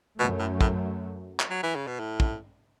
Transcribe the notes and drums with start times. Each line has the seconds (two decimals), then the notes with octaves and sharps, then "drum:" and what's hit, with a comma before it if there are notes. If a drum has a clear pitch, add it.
0.19 F#2 B2 F#3 A3
0.39 A2
0.61 A2, drum: kick
1.40 drum: clap
1.50 F#3
1.63 E3
1.75 C#3
1.87 B2
2.00 A2
2.20 drum: kick